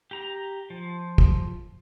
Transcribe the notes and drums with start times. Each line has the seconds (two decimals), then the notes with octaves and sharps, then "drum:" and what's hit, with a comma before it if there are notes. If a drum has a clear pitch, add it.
0.11 G4 A#5
0.70 F3
1.18 drum: kick